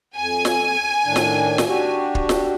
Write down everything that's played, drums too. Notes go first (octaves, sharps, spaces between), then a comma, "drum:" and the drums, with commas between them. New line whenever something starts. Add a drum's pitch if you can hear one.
F2 G#5
drum: snare
A2 D#3 D4
drum: snare
drum: snare
D4 F#4 G4
drum: kick
drum: snare